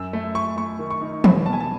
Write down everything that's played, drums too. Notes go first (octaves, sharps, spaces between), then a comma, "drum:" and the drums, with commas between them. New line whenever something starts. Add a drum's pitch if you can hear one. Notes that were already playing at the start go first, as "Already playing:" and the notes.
Already playing: F#2 E6
A3
A3 C#6
A3 C#6
D#3
C#6
D#4
E1 B5, drum: tom
B2 A5
G#5
A5